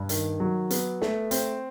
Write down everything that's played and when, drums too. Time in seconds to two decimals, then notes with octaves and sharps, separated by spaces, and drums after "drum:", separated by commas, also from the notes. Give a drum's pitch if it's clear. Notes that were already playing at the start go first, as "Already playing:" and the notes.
Already playing: G2
0.09 D#3, drum: hi-hat
0.40 F#3
0.70 B3, drum: hi-hat
1.02 A3, drum: snare
1.31 C4, drum: hi-hat